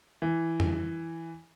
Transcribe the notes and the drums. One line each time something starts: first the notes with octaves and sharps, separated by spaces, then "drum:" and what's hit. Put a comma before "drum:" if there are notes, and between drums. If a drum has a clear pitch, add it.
E3
drum: tom F2